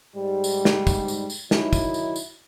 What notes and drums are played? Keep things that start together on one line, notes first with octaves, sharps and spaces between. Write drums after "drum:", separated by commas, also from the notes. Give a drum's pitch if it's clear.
G#2 G3
drum: tambourine
drum: snare
drum: kick, tambourine
drum: tambourine
drum: tambourine
D#3 F#3 D#4 E4, drum: snare
drum: kick, tambourine
drum: tambourine
drum: tambourine